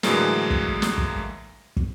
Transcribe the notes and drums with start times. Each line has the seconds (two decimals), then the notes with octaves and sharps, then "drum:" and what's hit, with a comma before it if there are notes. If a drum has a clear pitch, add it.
0.03 A2 D3 E3 F#3 G#3 A#3, drum: snare
0.50 drum: kick
0.82 drum: snare
0.98 drum: kick
1.77 drum: kick